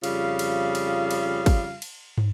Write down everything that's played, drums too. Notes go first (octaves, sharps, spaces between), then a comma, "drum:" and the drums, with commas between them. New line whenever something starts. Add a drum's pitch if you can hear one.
F2 C#3 G3 F4 F5, drum: cymbal
drum: cymbal
drum: cymbal
drum: cymbal
drum: kick, cymbal
drum: cymbal
drum: tom